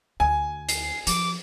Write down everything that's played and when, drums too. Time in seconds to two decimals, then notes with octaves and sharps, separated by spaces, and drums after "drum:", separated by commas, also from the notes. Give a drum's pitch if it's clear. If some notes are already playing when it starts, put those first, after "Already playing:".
0.20 D2 G#5
0.69 C7, drum: hi-hat
1.07 F3 D6, drum: hi-hat